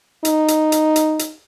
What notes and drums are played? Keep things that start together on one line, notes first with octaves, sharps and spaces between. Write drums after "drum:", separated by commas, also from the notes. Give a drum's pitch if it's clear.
D#4, drum: hi-hat
drum: hi-hat
drum: hi-hat
drum: hi-hat
drum: hi-hat